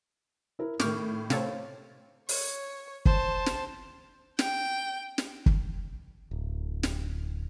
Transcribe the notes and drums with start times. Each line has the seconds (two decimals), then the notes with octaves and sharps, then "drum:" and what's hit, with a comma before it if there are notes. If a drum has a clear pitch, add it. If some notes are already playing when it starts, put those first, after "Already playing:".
0.59 E4 A#4
0.80 A2 D#3 C#6 D6 F6 G6, drum: snare
1.30 C3 A4 C5 C#5 F5, drum: snare
2.29 C#5, drum: open hi-hat
3.05 C5 A5, drum: kick
3.46 drum: snare
4.39 G5, drum: snare
5.18 drum: snare
5.46 drum: kick
6.31 D1
6.83 drum: snare